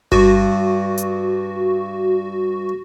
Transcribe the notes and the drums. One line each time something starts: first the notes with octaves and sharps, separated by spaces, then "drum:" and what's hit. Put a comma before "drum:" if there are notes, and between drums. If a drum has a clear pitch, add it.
G2 F#4, drum: kick G1
drum: hi-hat